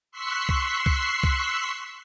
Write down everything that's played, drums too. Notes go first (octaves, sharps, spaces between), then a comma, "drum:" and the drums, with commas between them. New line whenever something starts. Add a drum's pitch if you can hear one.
C6 C#6 E6 F#6 B6 C7
drum: kick C2
drum: kick C2
drum: kick C2